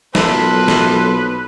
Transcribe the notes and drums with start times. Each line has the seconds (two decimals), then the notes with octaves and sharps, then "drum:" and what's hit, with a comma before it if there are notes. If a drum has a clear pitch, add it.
0.15 B1 F3 A#3 A4 B4 C6, drum: snare
0.68 drum: snare